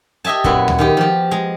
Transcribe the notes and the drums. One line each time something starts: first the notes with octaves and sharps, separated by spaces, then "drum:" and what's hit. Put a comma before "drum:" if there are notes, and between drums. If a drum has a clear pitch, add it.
G4 D#5 E5 G#5 A5
F#2 A#2 B3 E4 F#5 C6, drum: kick
drum: tom D2
D#3 G#3 G4
F3 G4
G#3